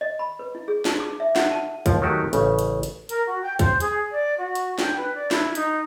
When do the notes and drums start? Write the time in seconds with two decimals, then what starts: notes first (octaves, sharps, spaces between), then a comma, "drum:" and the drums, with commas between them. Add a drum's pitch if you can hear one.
0.01 D#5
0.19 B5
0.39 B4
0.55 E4
0.68 G#4
0.85 A5, drum: snare
1.00 D6
1.20 E5
1.36 F#5, drum: snare
1.51 A5
1.86 D#2 F3, drum: kick, hi-hat
2.02 D#3 F#3 A3 D#4 F#4 G4
2.33 A1 C#3, drum: hi-hat
2.59 drum: hi-hat
2.83 drum: hi-hat
3.09 A#4, drum: hi-hat
3.27 F#4
3.42 G5
3.59 C5, drum: kick, hi-hat
3.80 G#4, drum: hi-hat
4.11 D5
4.38 F#4
4.55 drum: hi-hat
4.78 G5, drum: snare
4.96 B4
5.15 D5
5.31 E4, drum: snare
5.55 D#4, drum: hi-hat